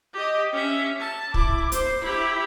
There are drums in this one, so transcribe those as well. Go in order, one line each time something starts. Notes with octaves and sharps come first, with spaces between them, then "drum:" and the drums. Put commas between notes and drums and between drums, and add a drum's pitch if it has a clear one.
G4 D#5
C#4 E5
A5
E4 D6, drum: kick
C5, drum: hi-hat
E4 G4